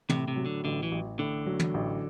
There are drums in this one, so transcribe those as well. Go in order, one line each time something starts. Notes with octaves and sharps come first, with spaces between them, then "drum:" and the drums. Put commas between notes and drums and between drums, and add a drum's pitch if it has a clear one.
A2 C3, drum: tom
C3
F#3
D3
A1 D3
E3
A1
A2 D3
F#3
drum: tom
A1